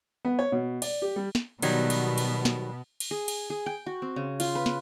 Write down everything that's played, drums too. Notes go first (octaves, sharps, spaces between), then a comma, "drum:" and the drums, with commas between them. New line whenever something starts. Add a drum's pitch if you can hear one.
B3
C#5
B2
D5, drum: cymbal
G4
G3
drum: snare
B2 D#3 F#3 G3 B3, drum: cymbal
drum: cymbal
drum: cymbal
drum: snare
drum: cymbal
G#4
drum: cymbal
G#4
G5
F#4
C4
C#3
F4, drum: cymbal
B4
drum: snare